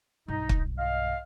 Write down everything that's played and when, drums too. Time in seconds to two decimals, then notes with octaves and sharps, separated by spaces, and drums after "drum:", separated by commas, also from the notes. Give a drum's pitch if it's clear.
0.28 B1 G2 D#4
0.49 drum: kick
0.78 D#5 F5